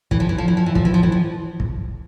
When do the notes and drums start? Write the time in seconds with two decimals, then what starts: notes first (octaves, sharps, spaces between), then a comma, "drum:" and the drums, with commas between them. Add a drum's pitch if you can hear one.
0.11 E3, drum: kick
0.20 F3
0.29 E3
0.38 F3
0.48 E3
0.57 F3
0.66 E3
0.75 F3, drum: kick
0.85 E3
0.94 F3
1.03 E3
1.12 F3
1.60 drum: kick